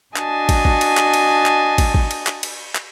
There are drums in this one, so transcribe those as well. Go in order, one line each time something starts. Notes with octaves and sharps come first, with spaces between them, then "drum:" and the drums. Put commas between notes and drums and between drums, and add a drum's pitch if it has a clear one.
D4 F#4 D#5 G#5 A5, drum: clap
drum: kick, cymbal
drum: kick
drum: cymbal
drum: clap
drum: cymbal
drum: clap
drum: kick, cymbal
drum: kick
drum: cymbal
drum: clap
drum: cymbal
drum: clap